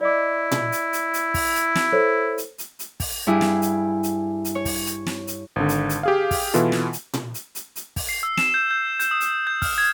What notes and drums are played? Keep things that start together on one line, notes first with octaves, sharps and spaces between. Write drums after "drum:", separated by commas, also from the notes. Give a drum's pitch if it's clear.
E4 D5 D#5 D6
drum: tom A#2
drum: hi-hat
drum: hi-hat
drum: hi-hat
drum: kick, open hi-hat
drum: hi-hat
drum: snare
A4 C5 C#5
drum: hi-hat
drum: hi-hat
drum: hi-hat
drum: kick, open hi-hat
G2 E4 G4 G#4
drum: snare
drum: hi-hat
drum: hi-hat
drum: hi-hat
C#5
drum: kick, open hi-hat
drum: hi-hat
drum: snare
drum: hi-hat
G#1 D3
drum: hi-hat
drum: hi-hat
G4 G#4 F5
drum: kick, open hi-hat
B2 E3 E4 F4 A4, drum: hi-hat
drum: snare
drum: hi-hat
drum: tom A#2
drum: hi-hat
drum: hi-hat
drum: hi-hat
drum: kick, open hi-hat
C7
E6
E7, drum: snare
G6
G6
G6, drum: hi-hat
D#6
drum: hi-hat
G6
F6, drum: kick, open hi-hat
G#6